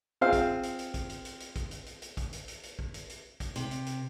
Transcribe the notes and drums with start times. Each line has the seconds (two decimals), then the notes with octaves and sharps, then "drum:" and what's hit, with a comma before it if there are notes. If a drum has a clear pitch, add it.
0.21 C4 F4 G#4 C5 F5
0.33 drum: kick, hi-hat
0.63 drum: hi-hat
0.79 drum: hi-hat
0.94 drum: kick, hi-hat
1.10 drum: hi-hat
1.25 drum: hi-hat
1.40 drum: hi-hat
1.56 drum: kick, hi-hat
1.71 drum: hi-hat
1.86 drum: hi-hat
2.02 drum: hi-hat
2.17 drum: kick, hi-hat
2.33 drum: hi-hat
2.48 drum: hi-hat
2.63 drum: hi-hat
2.79 drum: kick
2.94 drum: hi-hat
3.10 drum: hi-hat
3.40 drum: kick, hi-hat
3.56 C3, drum: hi-hat
3.71 drum: hi-hat
3.86 drum: hi-hat